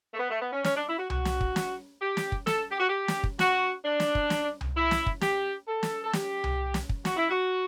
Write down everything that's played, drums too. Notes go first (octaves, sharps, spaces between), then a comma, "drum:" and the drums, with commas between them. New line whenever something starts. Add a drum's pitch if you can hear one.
A3
B3
A3
B3
C#4
C#4, drum: snare
D4
E4
F#4
F#4, drum: tom C2
drum: snare
drum: kick
drum: snare
G4
drum: snare
drum: kick
A4, drum: snare
G4
F#4
G4
drum: snare
drum: kick
F#4, drum: snare
D4
drum: snare
drum: kick
drum: snare
drum: tom C2
E4
drum: snare
drum: kick
G4, drum: snare
A4
drum: snare
A4
G4, drum: snare
drum: tom C2
drum: snare
drum: kick
F#4, drum: snare
E4
F#4